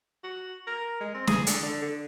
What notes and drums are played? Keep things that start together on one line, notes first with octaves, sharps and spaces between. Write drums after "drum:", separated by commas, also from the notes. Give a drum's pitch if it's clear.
F#4
A#4
G#3
C4
G#4, drum: snare
D3, drum: hi-hat
D3
D3